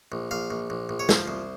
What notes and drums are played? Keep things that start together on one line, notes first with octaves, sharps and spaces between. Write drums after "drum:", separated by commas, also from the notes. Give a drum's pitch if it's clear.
A#1
A#1 F5
A#1
A#1
A#1
C#5
F3 C5, drum: snare
C2